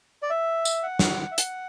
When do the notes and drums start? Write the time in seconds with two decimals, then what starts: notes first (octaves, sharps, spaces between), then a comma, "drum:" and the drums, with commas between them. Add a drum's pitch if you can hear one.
0.22 D5
0.30 E5
0.65 drum: tambourine
0.83 F#5
0.99 drum: snare
1.31 E5
1.38 F#5, drum: hi-hat